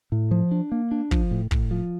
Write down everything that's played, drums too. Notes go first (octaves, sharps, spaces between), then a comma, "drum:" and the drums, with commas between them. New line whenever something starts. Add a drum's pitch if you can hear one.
A2
F3
D4
A#3
D4
F3, drum: kick
A2
A2, drum: kick
F3